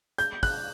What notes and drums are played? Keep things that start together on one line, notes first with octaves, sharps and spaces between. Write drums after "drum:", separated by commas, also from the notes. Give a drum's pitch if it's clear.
G6, drum: hi-hat
F#6, drum: kick, open hi-hat